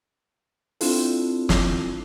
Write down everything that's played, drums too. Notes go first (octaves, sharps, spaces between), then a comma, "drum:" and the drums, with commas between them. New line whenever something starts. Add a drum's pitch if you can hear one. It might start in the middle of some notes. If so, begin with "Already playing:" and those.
C4 D4 E4 F4 A4, drum: open hi-hat
drum: snare